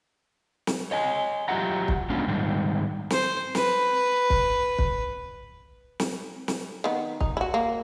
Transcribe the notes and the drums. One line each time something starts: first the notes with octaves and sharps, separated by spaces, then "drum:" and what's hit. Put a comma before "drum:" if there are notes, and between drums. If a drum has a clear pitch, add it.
drum: snare
C#5 D#5 G#5
F#3 F4 G4 E5 F#5 A#5
drum: kick
F#3 G#3 B3 C#4 D4 F4
G#2 D#3 G3 G#3
C5, drum: snare
B4, drum: snare
drum: kick
drum: kick
drum: snare
drum: snare
D#3 B3
D#4, drum: kick
E4 F#4
A#3